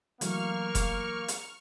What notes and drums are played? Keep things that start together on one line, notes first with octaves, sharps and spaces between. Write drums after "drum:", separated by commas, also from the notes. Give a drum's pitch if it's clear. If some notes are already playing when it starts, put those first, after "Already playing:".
E3 F#3 A3 A#3 C#6 F6, drum: hi-hat
drum: kick F1, hi-hat
drum: hi-hat